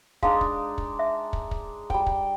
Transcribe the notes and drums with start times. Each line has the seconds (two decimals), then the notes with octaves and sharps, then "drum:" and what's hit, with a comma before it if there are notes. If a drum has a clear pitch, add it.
0.23 G#3 D4 D#4 F5, drum: kick
0.41 drum: kick
0.78 drum: kick
0.99 E5
1.33 drum: kick
1.51 drum: kick
1.90 G3 G5, drum: kick
2.06 drum: kick